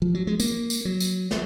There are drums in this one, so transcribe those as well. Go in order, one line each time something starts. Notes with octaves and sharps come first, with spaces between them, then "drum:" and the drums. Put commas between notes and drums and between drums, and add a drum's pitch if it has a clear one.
F3
F#3
G#3
A#3, drum: tambourine
drum: tambourine
F#3
drum: tambourine
drum: snare